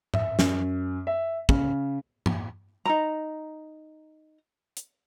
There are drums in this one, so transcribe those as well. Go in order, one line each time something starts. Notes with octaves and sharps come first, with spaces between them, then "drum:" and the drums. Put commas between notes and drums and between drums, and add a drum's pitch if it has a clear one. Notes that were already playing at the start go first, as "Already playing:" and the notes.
E5, drum: tom G#2
F#2, drum: snare
E5
C#3, drum: kick
drum: tom G2
D#4 A#4 A#5
drum: hi-hat